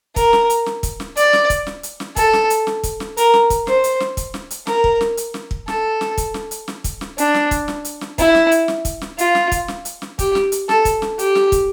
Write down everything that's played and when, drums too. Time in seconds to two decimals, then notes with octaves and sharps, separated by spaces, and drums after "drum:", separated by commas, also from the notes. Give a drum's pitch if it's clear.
0.16 A#4, drum: kick, hi-hat
0.33 drum: snare
0.50 drum: hi-hat
0.66 drum: snare
0.83 drum: kick, hi-hat
1.00 drum: snare
1.17 D5, drum: hi-hat
1.33 drum: snare
1.50 drum: kick, hi-hat
1.67 drum: snare
1.83 drum: hi-hat
2.00 drum: snare
2.16 A4, drum: kick, hi-hat
2.33 drum: snare
2.50 drum: hi-hat
2.67 drum: snare
2.83 drum: kick, hi-hat
3.00 drum: snare
3.17 A#4, drum: hi-hat
3.34 drum: snare
3.50 drum: kick, hi-hat
3.67 C5, drum: snare
3.84 drum: hi-hat
4.00 drum: snare
4.17 drum: kick, hi-hat
4.34 drum: snare
4.51 drum: hi-hat
4.67 A#4, drum: snare
4.84 drum: kick
5.01 drum: snare
5.17 drum: hi-hat
5.34 drum: snare
5.51 drum: kick
5.68 A4, drum: snare
6.01 drum: snare
6.18 drum: kick, hi-hat
6.34 drum: snare
6.51 drum: hi-hat
6.68 drum: snare
6.84 drum: kick, hi-hat
7.01 drum: snare
7.18 D4, drum: hi-hat
7.34 drum: snare
7.51 drum: kick, hi-hat
7.68 drum: snare
7.85 drum: hi-hat
8.01 drum: snare
8.18 E4, drum: kick, hi-hat
8.35 drum: snare
8.51 drum: hi-hat
8.68 drum: snare
8.85 drum: kick, hi-hat
9.01 drum: snare
9.18 F4, drum: hi-hat
9.35 drum: snare
9.52 drum: kick, hi-hat
9.68 drum: snare
9.85 drum: hi-hat
10.02 drum: snare
10.19 G4, drum: kick, hi-hat
10.35 drum: snare
10.52 drum: hi-hat
10.69 A4, drum: snare
10.85 drum: kick, hi-hat
11.02 drum: snare
11.19 G4, drum: hi-hat
11.35 drum: snare
11.52 drum: kick, hi-hat